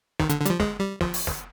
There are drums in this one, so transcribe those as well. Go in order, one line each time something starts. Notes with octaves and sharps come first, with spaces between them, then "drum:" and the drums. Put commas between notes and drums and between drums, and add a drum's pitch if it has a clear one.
D#3, drum: snare
D3, drum: hi-hat
D3
G3, drum: hi-hat
F3
G#3, drum: snare
G3
F3, drum: snare
drum: open hi-hat
drum: snare